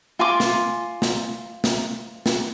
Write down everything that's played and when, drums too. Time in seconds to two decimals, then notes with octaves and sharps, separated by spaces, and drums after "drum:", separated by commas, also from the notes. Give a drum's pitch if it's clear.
0.19 F4 G#5 C6 D6
0.40 drum: snare
1.02 drum: snare
1.64 drum: snare
2.26 drum: snare